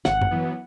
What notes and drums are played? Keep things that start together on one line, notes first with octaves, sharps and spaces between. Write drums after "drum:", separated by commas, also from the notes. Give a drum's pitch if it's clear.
G#1 F#5, drum: snare
drum: tom F#2
F#2 E3 B3